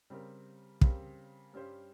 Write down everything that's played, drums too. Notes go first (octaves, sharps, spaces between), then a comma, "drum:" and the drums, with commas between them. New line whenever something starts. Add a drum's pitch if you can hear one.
C#3 G3 C4 G4 A#4
C#3 G3 C4 G4 A#4, drum: kick
G2 G3 C#4 G4 C5